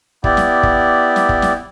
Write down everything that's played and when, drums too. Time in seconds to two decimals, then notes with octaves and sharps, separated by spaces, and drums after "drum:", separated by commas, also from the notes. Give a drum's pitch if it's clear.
0.24 B3 E4 G4 D5, drum: kick
0.37 drum: snare
0.63 drum: kick
1.16 drum: snare
1.29 drum: kick
1.42 drum: snare